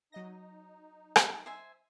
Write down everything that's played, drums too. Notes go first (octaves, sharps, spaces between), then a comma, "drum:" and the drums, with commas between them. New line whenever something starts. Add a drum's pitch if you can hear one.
F#3 D#4 D#5 A#6
drum: rim click
C5 E5 G#5